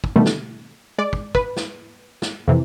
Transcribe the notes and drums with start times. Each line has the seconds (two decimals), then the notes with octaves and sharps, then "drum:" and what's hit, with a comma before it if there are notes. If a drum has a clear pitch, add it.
0.04 drum: kick
0.16 B2 D3 D#3 G3 A3
0.26 drum: snare
0.98 G#3 D5
1.13 drum: kick
1.35 B4, drum: kick
1.56 drum: snare
2.22 drum: snare
2.48 F2 C3 E3